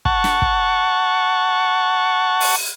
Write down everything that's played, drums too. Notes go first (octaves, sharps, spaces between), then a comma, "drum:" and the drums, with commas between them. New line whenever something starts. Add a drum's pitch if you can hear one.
F#5 A5 C#6, drum: kick
drum: snare
drum: kick
drum: open hi-hat